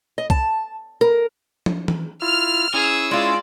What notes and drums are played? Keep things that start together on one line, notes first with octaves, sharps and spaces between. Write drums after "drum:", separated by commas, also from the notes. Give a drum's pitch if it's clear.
D#5
A5, drum: kick C2
A#4
drum: tom
drum: tom E3
E4 F4 F6
C#4 E4 G#4 E6
G#3 F4 D5